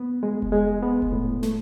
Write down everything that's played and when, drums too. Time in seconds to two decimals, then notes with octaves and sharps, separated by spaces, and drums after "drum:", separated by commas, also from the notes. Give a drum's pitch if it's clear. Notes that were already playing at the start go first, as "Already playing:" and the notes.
Already playing: B3
0.23 G#3
0.42 drum: kick F1
0.52 G#3
0.82 B3
1.02 drum: kick F1
1.12 A2
1.43 A3, drum: snare